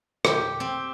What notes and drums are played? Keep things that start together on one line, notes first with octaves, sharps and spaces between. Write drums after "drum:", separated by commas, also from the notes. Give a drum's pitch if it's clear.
G4, drum: rim click
C4